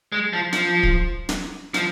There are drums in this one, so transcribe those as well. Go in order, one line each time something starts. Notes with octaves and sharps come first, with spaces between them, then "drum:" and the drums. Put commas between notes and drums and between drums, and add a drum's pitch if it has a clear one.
G#3
F3
F3, drum: snare
drum: kick
drum: snare
F3, drum: snare